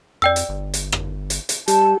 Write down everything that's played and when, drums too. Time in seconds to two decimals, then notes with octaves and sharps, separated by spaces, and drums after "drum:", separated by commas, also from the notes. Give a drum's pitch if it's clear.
0.22 F2 D5 G5 E6
0.36 drum: hi-hat
0.49 G1
0.74 drum: hi-hat
0.92 drum: rim click
1.30 drum: hi-hat
1.49 drum: hi-hat
1.68 G3 G4 A5, drum: hi-hat